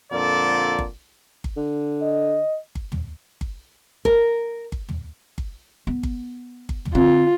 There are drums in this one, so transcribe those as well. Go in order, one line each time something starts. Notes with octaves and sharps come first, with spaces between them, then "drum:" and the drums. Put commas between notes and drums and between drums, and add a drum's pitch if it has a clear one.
F2 A#2 D3 A4 D5
drum: kick G1
drum: kick G1
D3
D#5
drum: kick G1
drum: tom
drum: kick G1
A#4, drum: kick G1
drum: kick G1
drum: tom
drum: kick G1
B3
drum: kick G1
drum: kick G1
drum: tom
D3 C4 F4